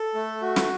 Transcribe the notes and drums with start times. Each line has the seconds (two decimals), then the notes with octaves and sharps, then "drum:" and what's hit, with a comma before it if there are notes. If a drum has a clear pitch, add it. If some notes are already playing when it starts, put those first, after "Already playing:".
Already playing: A4
0.14 A3
0.42 F#4
0.56 drum: snare